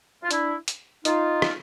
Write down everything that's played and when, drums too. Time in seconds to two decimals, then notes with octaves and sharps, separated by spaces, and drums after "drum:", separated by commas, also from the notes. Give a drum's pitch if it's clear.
0.23 F4
0.31 D4 E4, drum: hi-hat
0.68 drum: hi-hat
1.05 D#4 F4, drum: hi-hat
1.42 drum: rim click